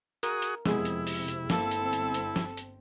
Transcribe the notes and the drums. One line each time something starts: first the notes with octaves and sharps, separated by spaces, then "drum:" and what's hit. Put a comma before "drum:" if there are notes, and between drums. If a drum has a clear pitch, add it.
F#4 G#4 A#4 D#6, drum: hi-hat
drum: hi-hat
F2 C3 G#3 B3 E4 G#4, drum: snare
drum: hi-hat
drum: open hi-hat
drum: hi-hat
G1 A#3 C4 A4, drum: snare
drum: hi-hat
drum: hi-hat
drum: hi-hat
drum: snare
drum: hi-hat